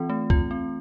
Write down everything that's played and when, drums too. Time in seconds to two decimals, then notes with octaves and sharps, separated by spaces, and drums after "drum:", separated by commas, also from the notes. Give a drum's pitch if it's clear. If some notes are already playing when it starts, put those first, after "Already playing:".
Already playing: E3 C4 F4
0.10 A3
0.30 F4, drum: kick
0.51 C4